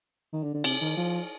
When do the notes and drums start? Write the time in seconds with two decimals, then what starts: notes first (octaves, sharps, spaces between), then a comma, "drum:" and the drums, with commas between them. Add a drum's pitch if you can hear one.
0.33 D#3
0.43 D3
0.54 D3
0.64 C3, drum: cymbal
0.81 D#3
0.97 F3